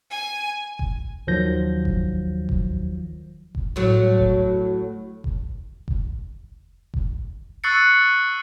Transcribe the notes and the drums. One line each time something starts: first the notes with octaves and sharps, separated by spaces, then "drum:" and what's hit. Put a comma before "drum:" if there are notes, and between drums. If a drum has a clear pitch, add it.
G#5
drum: kick F1
D#2 D#3 F3 F#3 G6 A#6
drum: kick F1
drum: kick F1
drum: kick F1
A2 F#3
drum: kick F1
drum: kick F1
drum: kick F1
drum: kick F1
C#6 E6 F#6 A6 C7 C#7